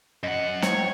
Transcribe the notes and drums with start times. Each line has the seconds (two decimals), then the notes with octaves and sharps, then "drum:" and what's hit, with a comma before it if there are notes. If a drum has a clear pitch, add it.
0.23 F#2 D#5 F#5
0.62 C5 C#5, drum: snare
0.77 G5